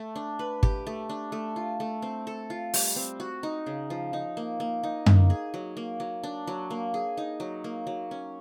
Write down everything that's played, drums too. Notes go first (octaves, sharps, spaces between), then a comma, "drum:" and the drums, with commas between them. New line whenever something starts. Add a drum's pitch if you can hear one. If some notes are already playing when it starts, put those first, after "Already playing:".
Already playing: A3
D4
B4
G4, drum: kick
A3
D4
A3
F4
A3
C4
A4
F4
G3, drum: open hi-hat
C4
F#4
D#4
C#3
F3
D#4
A#3
A#3
D#4
A#3, drum: tom F#2
G#4
F#3
A#3
F#3
D4
F#3
A#3
G#4
D#4
F#3
A#3
F#3
C#4